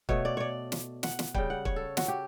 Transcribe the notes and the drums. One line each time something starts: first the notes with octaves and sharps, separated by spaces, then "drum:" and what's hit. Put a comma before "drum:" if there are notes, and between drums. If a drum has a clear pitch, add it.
B2 A3 C#5, drum: kick
D5
C#5 D5
drum: snare
F#5, drum: snare
drum: snare
C#3 G3 G5, drum: kick
F#5
C#5, drum: kick
A4
F#4, drum: snare
G4